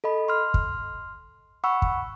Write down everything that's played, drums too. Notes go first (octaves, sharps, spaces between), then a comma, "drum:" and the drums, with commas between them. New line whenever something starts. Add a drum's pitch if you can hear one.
A4 D#5 B5
C6 F6
drum: kick
F#5 B5 C#6 E6
drum: kick